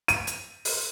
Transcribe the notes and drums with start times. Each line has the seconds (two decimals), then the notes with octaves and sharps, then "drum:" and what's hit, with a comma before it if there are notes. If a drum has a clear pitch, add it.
0.08 D#7, drum: hi-hat
0.27 drum: hi-hat
0.65 drum: open hi-hat